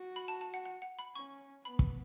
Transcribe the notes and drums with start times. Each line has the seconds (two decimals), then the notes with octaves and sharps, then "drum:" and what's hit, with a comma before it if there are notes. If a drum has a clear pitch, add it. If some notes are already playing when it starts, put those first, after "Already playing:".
Already playing: F#4
0.16 B5
0.28 A5
0.41 A5
0.54 F#5
0.66 F#5
0.82 F#5
0.99 B5
1.15 C#4 C#6
1.64 B3 B5
1.79 drum: kick